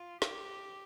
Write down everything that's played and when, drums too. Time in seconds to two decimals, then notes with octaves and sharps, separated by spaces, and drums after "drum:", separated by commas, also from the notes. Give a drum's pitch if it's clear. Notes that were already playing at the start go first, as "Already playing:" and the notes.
Already playing: F4
0.22 G4, drum: snare